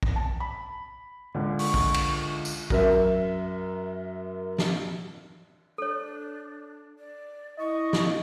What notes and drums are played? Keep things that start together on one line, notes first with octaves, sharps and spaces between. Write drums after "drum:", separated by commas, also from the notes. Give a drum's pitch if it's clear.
drum: kick
A5
B5
C#2 D3
C#6, drum: open hi-hat
drum: kick
drum: cymbal
drum: tambourine
F#2 A#4 E5, drum: kick
drum: snare
D4 A4 C#5
D5
E4 D#5 C#6
drum: snare